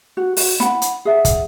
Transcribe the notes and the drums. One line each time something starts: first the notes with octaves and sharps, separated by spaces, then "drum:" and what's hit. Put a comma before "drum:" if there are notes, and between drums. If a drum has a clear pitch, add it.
F#4
F#4, drum: open hi-hat
F#5 B5, drum: snare
drum: hi-hat
G#4 E5 F#5
drum: kick, hi-hat